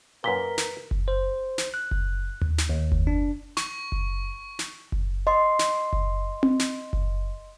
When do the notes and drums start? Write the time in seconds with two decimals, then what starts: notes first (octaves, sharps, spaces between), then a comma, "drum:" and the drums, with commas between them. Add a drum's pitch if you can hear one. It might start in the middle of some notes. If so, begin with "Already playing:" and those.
0.24 F#2 A#2 A#4 B4 B6 G7
0.58 drum: snare
0.91 drum: kick F#1
1.08 C5
1.58 drum: snare
1.74 F#6
1.91 drum: kick F#1
2.41 drum: tom D#2
2.58 drum: snare
2.69 D#2
2.92 drum: kick F#1
3.07 D4
3.57 C#6, drum: snare
3.92 drum: kick F#1
4.59 drum: snare
4.92 drum: kick F#1
5.27 D#5 C6
5.59 drum: snare
5.93 drum: kick F#1
6.43 drum: tom C4
6.59 drum: snare
6.93 drum: kick F#1